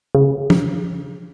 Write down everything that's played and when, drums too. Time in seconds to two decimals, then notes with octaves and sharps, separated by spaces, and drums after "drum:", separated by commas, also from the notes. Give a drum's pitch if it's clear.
0.15 C#3
0.50 drum: tom